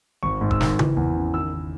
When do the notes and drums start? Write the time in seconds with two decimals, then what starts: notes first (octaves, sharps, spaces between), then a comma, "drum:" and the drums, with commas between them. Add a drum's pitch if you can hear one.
0.23 G#1 C#6
0.41 G#2
0.51 E6, drum: kick E1
0.61 D#3, drum: snare
0.79 E3, drum: tom C#3
0.97 E2
1.15 C#3
1.34 D#3 E6
1.53 D#3